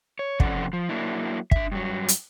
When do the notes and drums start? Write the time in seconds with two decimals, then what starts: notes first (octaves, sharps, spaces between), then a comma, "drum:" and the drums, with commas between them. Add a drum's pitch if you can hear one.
0.19 C#5
0.40 C3 F3 C#4 A4 D5 F#5, drum: kick
0.73 F3
0.89 F#3 A#3 D4 E4
1.51 D4 E5, drum: kick
1.72 G2 F#3
2.08 drum: hi-hat